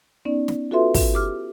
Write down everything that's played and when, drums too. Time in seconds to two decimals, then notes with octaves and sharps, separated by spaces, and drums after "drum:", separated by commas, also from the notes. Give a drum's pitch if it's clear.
0.25 B3 C#4 D#4 D5
0.48 drum: snare
0.71 F4 F#4 A4 B4 E5 C6
0.94 drum: kick, open hi-hat
1.14 G4 D6 F6